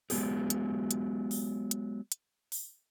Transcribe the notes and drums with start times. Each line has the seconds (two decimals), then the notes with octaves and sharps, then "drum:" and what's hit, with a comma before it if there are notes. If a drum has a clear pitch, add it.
0.10 F#3 G#3 B3 G4 G#4, drum: open hi-hat
0.50 drum: hi-hat
0.91 drum: hi-hat
1.31 drum: open hi-hat
1.71 drum: hi-hat
2.12 drum: hi-hat
2.52 drum: open hi-hat